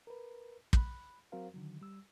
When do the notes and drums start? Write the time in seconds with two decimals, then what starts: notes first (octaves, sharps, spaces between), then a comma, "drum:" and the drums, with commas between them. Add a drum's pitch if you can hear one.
0.07 A#4 B4
0.73 B5 F#6, drum: kick
1.32 F#3 C4 F#4 A#4 C5 F5
1.54 D3 D#3 F#3
1.81 G3 E6